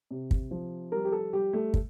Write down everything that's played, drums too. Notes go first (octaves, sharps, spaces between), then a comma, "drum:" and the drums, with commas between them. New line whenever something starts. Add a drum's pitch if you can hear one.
C3
drum: kick
F3
G3 A#4
G4
A4
G3 G4
A3
drum: kick